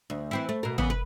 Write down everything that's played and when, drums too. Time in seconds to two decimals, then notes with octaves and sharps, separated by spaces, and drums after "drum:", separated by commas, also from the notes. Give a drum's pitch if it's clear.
0.10 D2
0.31 E3 C4 E4
0.49 A3
0.63 B2 A#4
0.78 C#3 E3 B3, drum: tom
0.90 B4